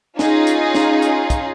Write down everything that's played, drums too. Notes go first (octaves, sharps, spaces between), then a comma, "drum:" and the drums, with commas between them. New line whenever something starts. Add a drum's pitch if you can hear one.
C#4 D#4 F4 G#4, drum: snare
drum: hi-hat
drum: snare
drum: hi-hat
drum: kick, hi-hat